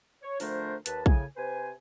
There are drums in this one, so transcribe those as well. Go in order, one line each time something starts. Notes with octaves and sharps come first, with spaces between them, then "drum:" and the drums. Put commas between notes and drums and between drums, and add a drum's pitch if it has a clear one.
C#5
D3 F3 A3 D4 A#4 C5, drum: open hi-hat
D#2 B4 A5, drum: hi-hat
A2 C#3 G#5, drum: kick
C3 B4 C5 G#5